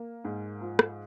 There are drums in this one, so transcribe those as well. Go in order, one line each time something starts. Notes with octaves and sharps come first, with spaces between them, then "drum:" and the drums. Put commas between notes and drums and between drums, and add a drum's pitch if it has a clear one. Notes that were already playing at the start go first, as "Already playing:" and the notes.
Already playing: A#3
G#2
F3
drum: rim click